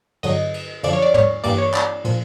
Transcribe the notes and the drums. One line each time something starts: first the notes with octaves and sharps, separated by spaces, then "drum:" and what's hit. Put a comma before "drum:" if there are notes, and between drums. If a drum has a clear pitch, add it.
G2 D3 F#3 D#5, drum: cymbal
drum: cymbal
F#2 D3 F3 D5, drum: cymbal
C#5
D5
C#5, drum: tom
G2 E3 G3 A#3 D5, drum: cymbal
C#5
D5, drum: clap
A#2 F3, drum: cymbal